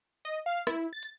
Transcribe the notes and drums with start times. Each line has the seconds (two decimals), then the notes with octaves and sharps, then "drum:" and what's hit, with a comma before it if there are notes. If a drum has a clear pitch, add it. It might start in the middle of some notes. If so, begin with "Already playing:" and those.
0.25 D#5
0.46 F5
0.67 E4, drum: rim click
0.93 A6
1.03 drum: hi-hat